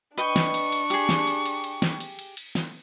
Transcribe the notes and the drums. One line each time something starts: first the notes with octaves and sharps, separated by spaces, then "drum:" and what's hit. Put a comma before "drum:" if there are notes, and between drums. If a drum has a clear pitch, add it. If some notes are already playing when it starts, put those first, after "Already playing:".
D4 B4 D#5 G5 C#6
drum: snare
drum: cymbal
drum: cymbal
G4 G#4, drum: cymbal
drum: snare
drum: cymbal
drum: cymbal
drum: cymbal
drum: snare
drum: cymbal
drum: cymbal
drum: cymbal
drum: snare